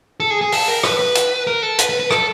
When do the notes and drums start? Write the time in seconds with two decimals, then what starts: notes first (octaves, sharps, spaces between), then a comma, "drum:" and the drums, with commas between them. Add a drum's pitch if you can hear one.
0.20 A4
0.30 G#4
0.41 G#4
0.52 A4, drum: open hi-hat
0.68 A#4
0.83 B4, drum: rim click
0.99 B4
1.15 drum: hi-hat
1.47 A#4
1.62 A4
1.79 B4, drum: hi-hat
1.89 B4
2.00 B4
2.11 A4, drum: rim click